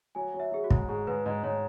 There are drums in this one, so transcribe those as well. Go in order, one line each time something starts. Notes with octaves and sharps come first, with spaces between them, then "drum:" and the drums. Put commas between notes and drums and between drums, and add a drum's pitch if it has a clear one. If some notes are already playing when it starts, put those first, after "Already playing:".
F#3 G#5
F#3
E5
F#3 G#4
F#4
G#2, drum: kick
G#2 G#4
G#2 B4
G#2 D#5
G#2 C#5